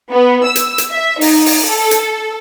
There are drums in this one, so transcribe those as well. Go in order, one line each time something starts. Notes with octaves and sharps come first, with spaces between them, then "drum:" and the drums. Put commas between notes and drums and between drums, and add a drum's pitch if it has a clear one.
B3
E6
drum: hi-hat
drum: hi-hat
E5
D#4, drum: open hi-hat
drum: open hi-hat
A4
drum: hi-hat